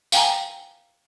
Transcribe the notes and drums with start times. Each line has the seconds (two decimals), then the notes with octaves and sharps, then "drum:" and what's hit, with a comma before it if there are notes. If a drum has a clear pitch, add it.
0.12 F5 G5 G#5 A#5, drum: tambourine